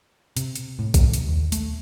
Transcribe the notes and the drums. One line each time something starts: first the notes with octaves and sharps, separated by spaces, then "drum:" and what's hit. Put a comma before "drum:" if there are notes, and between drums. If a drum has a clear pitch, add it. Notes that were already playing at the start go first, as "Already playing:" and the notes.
C3, drum: hi-hat
drum: hi-hat
A2
drum: kick B1, hi-hat
drum: hi-hat
D#2
A3, drum: hi-hat